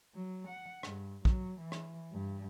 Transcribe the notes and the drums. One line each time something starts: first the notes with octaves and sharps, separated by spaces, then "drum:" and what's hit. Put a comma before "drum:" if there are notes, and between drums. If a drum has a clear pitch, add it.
F#3
F#5
G2, drum: rim click
F#3, drum: kick
E3
drum: rim click
G2